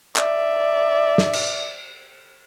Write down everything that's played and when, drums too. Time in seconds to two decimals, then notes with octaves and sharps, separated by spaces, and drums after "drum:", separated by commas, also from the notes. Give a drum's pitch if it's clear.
0.16 D5 E5, drum: clap
1.18 drum: snare
1.33 drum: cymbal